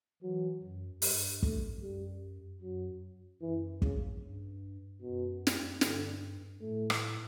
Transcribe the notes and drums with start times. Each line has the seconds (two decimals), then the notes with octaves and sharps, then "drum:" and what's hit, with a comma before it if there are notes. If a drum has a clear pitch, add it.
0.23 E3 F#3
0.62 F#2
1.02 G2 G3, drum: open hi-hat
1.43 A3, drum: kick
1.82 F#2 G3
2.61 F#2 F#3
3.41 F#2 E3
3.82 C#3, drum: kick
4.22 G2
5.01 F#2 B2
5.47 drum: snare
5.81 G2 D3, drum: snare
6.61 A2 A3
6.90 drum: rim click